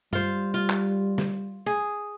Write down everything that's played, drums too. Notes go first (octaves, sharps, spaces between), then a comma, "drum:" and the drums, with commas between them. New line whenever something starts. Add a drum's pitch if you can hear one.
G3 F4 C5, drum: tom G2
F4
drum: clap
drum: snare
G#4